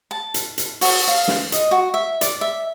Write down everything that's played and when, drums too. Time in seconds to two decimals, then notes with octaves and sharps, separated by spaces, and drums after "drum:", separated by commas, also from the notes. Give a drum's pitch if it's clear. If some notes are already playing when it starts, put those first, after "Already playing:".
0.11 A5
0.34 drum: hi-hat
0.58 drum: hi-hat
0.81 F#4, drum: open hi-hat
1.08 F5
1.28 drum: snare
1.52 D#5, drum: hi-hat
1.71 F#4
1.94 E5
2.21 D5, drum: hi-hat
2.41 E5